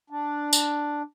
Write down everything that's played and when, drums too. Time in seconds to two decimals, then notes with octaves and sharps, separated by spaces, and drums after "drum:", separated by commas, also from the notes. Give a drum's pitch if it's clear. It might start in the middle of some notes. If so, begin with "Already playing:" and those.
0.10 D4
0.53 drum: tambourine